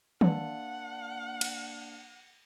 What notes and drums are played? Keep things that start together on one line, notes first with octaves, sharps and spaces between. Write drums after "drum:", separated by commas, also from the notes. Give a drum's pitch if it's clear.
A#3 D4 D5 F#5, drum: tom D#3
drum: cymbal